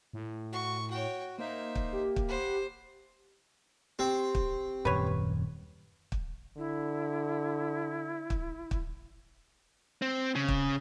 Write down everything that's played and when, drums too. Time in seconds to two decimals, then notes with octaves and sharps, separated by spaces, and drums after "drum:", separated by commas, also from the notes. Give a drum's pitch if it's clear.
0.13 A2
0.53 F#4 C#6
0.91 F#4 C#5 G5
1.39 A#3 D#4 C5 E5
1.75 drum: kick
1.92 G4
2.16 drum: kick
2.28 C5 F#5 B5
3.99 C4 G4
4.35 drum: kick
4.85 D#1 F#2 B4 C#5
6.12 drum: kick
6.57 D3 E4
8.30 drum: kick
8.71 drum: kick
10.02 C4
10.35 C#3
10.48 drum: kick